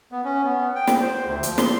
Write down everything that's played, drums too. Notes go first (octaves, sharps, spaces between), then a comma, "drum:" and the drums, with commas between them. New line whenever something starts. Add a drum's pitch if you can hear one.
B3
C#4
B3
G5
drum: snare
C5
D2
F3, drum: hi-hat
C6, drum: snare